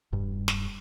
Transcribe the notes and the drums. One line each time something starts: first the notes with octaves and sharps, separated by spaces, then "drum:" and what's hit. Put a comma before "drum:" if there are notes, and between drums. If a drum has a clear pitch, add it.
E1 G2 G3
drum: snare